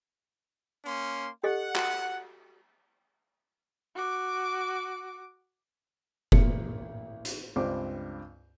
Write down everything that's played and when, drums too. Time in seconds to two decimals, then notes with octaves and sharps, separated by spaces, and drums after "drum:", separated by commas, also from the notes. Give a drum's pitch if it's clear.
0.84 A#3 C#4 C6
1.44 G4 A4 D#5 F#5
1.76 F#4, drum: clap
3.95 F#4 D6
6.32 A1 A#3 C#7, drum: kick F1
7.25 drum: hi-hat
7.56 C#2 G2 C4 D4 C5 D6